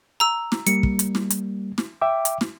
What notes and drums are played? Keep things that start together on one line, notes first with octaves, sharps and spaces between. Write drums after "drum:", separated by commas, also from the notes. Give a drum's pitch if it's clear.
A#5 E6
drum: snare
G3 A#3 C#7, drum: hi-hat
drum: kick
drum: hi-hat
drum: snare
drum: hi-hat
drum: snare
E5 G5 D6
drum: hi-hat
drum: snare